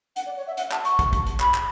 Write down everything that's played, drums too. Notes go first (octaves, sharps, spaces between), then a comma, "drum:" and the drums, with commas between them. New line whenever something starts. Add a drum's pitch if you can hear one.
F#5, drum: hi-hat
D5
C#5
E5
F#5, drum: hi-hat
A5, drum: clap
C#6, drum: hi-hat
drum: kick, hi-hat
drum: kick, hi-hat
drum: hi-hat
B5, drum: clap
drum: clap